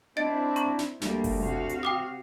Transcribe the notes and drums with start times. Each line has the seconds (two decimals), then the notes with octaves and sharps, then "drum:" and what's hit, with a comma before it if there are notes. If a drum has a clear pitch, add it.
0.17 C4 D4 E4 D#5 A6 D7
0.56 A#5 C#6, drum: hi-hat
0.79 drum: snare
1.01 D2 G3 A#3, drum: snare
1.24 drum: kick F#1, open hi-hat
1.42 C3 F#4 F5
1.69 drum: hi-hat
1.83 G5 D6 D#6